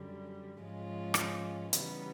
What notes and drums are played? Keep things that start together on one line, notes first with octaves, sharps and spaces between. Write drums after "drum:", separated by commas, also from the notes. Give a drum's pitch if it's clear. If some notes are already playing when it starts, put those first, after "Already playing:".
Already playing: F#2 D3 G3
G#2 F3 G#3 C#4 F4
drum: rim click
C#3 E3 G3 B3 D#4, drum: hi-hat